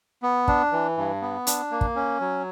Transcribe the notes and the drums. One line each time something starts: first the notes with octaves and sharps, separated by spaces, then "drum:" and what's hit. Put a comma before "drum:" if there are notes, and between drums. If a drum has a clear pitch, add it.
B3
D4, drum: kick
E3
G2
B3
D4, drum: hi-hat
A#3
drum: kick
C#4
F#3